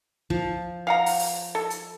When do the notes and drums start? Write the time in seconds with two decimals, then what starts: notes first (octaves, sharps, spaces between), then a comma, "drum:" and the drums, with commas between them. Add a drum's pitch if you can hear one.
0.30 F3, drum: kick
0.87 F5 F#5 A#5
1.06 drum: open hi-hat
1.19 drum: open hi-hat
1.55 A4
1.70 drum: hi-hat